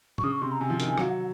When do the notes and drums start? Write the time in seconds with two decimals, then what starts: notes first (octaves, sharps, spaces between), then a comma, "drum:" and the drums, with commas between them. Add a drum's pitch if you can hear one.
0.18 C#6, drum: tom
0.24 C#3 D#6
0.33 C#6
0.42 C3 C6
0.52 A#5
0.60 C3 G#5
0.70 F3
0.80 D#3, drum: hi-hat
0.88 F3
0.98 F#3 F5, drum: rim click
1.10 F#5